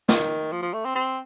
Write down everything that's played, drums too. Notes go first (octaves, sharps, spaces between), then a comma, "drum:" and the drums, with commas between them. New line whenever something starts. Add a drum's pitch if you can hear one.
D#3, drum: snare
F3
F3
A3
C4
C4